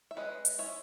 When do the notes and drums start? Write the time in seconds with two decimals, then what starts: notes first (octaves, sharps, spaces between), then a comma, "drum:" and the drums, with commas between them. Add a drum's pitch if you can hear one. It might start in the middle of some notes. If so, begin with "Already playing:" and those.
0.11 E5
0.17 G#3 C#4 B4 D#5
0.45 drum: hi-hat
0.58 G#3 C#4 C#5 E5